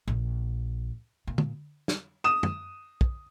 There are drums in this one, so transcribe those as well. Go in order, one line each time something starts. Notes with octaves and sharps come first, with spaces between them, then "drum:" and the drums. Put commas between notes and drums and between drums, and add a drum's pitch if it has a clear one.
A#1
A#2
drum: tom
drum: snare
D#6 E7
drum: tom
drum: kick